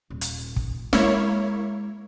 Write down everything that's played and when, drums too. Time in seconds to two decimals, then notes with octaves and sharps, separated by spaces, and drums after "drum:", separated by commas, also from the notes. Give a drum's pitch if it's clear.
0.10 D#1
0.21 drum: hi-hat
0.56 drum: kick
0.93 G#3 A#3 E4 C#5, drum: snare